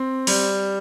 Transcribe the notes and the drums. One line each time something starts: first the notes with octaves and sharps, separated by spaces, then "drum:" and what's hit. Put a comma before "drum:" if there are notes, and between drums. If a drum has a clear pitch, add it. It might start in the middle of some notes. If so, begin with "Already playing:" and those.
Already playing: C4
G3, drum: open hi-hat